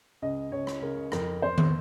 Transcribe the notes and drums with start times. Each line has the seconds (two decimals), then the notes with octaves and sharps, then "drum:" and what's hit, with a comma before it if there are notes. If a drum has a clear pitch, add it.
0.22 C#2 D#5
0.52 C#2 C#5
0.67 drum: rim click
0.82 C#3 A#4
1.12 F2 A#4, drum: rim click
1.42 F2 C5
1.58 drum: tom D#3